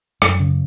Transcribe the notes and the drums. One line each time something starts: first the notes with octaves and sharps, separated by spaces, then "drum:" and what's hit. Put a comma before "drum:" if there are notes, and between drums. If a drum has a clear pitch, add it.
F#2, drum: rim click
C#3